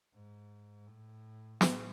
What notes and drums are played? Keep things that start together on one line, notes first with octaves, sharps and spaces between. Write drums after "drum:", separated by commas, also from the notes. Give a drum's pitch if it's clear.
G#2
A2
A2, drum: snare